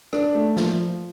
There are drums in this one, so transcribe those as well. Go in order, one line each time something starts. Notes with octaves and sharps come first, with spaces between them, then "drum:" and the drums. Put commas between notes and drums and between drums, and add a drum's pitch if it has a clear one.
D4, drum: rim click
A3
F3, drum: snare